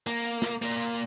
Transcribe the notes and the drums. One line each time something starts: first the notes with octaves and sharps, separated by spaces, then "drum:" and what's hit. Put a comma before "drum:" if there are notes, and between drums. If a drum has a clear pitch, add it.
A#3
drum: hi-hat
drum: snare
A#2 A#3, drum: hi-hat